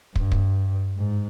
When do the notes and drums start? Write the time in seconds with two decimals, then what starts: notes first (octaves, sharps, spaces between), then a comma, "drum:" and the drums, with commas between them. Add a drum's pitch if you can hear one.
0.16 G2, drum: kick
0.32 drum: kick
0.97 G#2